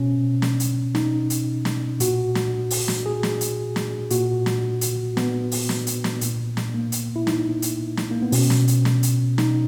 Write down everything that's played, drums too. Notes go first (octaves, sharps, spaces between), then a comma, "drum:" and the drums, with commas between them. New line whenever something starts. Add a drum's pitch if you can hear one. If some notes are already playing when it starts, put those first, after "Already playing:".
Already playing: B2 C#4
drum: snare
drum: hi-hat
D#4, drum: snare
drum: hi-hat
drum: snare
A#2 F#4, drum: hi-hat
drum: snare
drum: open hi-hat
drum: snare
G#4
drum: snare
drum: hi-hat
drum: snare
A#2 F#4, drum: hi-hat
drum: snare
drum: hi-hat
B3, drum: snare
drum: open hi-hat
drum: snare
drum: hi-hat
drum: snare
A#2, drum: hi-hat
drum: snare
A#3
drum: hi-hat
E4
D#4, drum: snare
drum: hi-hat
drum: snare
A#3
B3
B2 C#4, drum: open hi-hat
drum: snare
drum: hi-hat
drum: snare
drum: hi-hat
D#4, drum: snare